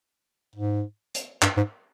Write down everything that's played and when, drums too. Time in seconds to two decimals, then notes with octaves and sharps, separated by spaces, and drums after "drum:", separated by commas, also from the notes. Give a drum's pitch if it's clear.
0.56 G#2
1.14 drum: hi-hat
1.42 G2, drum: clap
1.57 G#2